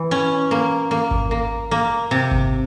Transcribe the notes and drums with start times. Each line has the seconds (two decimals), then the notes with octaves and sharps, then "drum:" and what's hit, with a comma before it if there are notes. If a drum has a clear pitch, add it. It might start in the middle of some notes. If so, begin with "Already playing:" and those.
Already playing: E3
0.11 C#4
0.51 A#3
0.91 A#3
1.11 drum: kick G#1
1.31 A#3
1.71 A#3
2.11 C3
2.31 drum: kick G#1